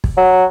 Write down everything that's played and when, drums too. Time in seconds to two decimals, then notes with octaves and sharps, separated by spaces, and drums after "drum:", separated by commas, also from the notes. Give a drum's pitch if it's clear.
0.04 drum: kick
0.17 F#3